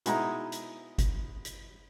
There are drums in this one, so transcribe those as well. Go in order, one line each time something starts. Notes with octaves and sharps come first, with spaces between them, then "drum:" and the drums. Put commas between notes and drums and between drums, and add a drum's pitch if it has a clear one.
B2 G#3 D#4 E4 A#5, drum: hi-hat
drum: hi-hat
drum: kick G1, hi-hat
drum: hi-hat